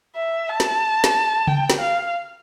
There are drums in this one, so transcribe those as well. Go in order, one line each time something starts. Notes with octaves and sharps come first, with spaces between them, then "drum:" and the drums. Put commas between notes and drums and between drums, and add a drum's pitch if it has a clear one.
E5
A5
drum: snare
drum: snare
G5, drum: tom C#3
drum: snare
F5